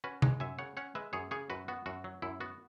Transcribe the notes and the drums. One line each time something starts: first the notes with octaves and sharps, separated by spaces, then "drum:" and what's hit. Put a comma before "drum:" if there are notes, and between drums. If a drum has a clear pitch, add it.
C#4 F#4 B4
G#3, drum: tom C3
F#2 E5 G#5
C#3 C#5 F#5
C#4 C#5 F#5
G#3 B4 E5
F#2 G#4 C#5
C#3 G#4 C#5
F#2 F#4 B4
B3 F#4
F#2 F#4
F#3
F#2 E4
B3 F#4